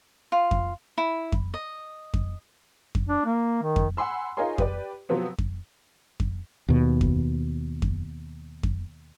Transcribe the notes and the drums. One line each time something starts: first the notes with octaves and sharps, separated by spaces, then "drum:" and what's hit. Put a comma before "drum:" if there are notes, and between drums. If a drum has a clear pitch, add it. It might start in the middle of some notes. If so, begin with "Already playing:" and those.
F4
drum: kick F2
E4
drum: kick F2
D#5
drum: kick F2
drum: kick F2
D4
A#3
D#3
drum: kick F2
F#5 G#5 B5 C6 E6
D#4 F4 G#4 A#4 C#5 C6
G4 B4 D5, drum: kick F2
C3 F3 F#3 B3 C4
drum: kick F2
drum: kick F2
D#2 B2
drum: kick F2
drum: kick F2
drum: kick F2